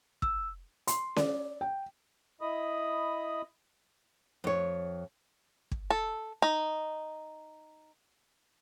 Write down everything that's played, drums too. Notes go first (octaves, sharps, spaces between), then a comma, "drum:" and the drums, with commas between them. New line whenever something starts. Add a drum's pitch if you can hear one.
E6, drum: kick
C6, drum: hi-hat
D5, drum: snare C#4
G5
E4 D#5 B5 D#6
F2 C#5
drum: kick
A4
D#4